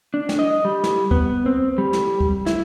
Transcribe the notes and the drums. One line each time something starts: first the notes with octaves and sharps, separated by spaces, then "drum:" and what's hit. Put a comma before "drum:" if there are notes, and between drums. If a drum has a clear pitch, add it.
D4
drum: snare
D#5
G3
drum: snare
B3, drum: kick
C4
G3
drum: snare
drum: kick
E4, drum: snare